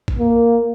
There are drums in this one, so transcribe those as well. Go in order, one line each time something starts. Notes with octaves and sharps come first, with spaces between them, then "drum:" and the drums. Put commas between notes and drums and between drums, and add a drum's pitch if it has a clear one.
drum: kick
A#3